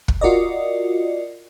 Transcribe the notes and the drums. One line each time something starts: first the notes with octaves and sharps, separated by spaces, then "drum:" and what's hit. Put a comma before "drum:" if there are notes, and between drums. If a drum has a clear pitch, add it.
drum: kick
F4 F#4 A#4 D5 D#5